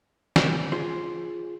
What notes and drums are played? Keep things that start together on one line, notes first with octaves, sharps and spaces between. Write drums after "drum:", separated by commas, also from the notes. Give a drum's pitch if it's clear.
drum: snare
F4 G#4 C5